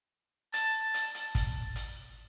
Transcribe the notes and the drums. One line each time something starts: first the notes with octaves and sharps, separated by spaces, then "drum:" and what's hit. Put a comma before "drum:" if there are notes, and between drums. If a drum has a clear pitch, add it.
A5, drum: hi-hat
drum: hi-hat
drum: hi-hat
drum: kick, hi-hat
drum: hi-hat